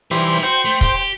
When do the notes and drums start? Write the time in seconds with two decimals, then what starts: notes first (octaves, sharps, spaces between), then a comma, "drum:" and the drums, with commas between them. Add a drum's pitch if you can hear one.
0.11 E3 G3 D#4 B4 C5, drum: hi-hat
0.43 F#4 C5 G5
0.65 A3
0.81 G4, drum: kick, hi-hat